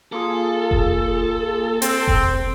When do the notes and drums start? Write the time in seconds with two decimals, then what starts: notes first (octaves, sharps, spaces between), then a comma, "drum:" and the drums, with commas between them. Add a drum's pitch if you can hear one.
0.12 A#3 F4 G#4 A4
0.71 drum: kick F1
1.82 C4, drum: hi-hat
2.07 drum: kick F1